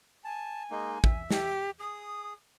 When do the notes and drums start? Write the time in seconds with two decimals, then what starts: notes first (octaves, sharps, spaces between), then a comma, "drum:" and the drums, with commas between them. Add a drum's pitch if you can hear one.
0.24 G#5 A5
0.71 G#3 A#3 D#4
1.04 E5, drum: kick
1.31 G4, drum: snare
1.79 G#4 D#6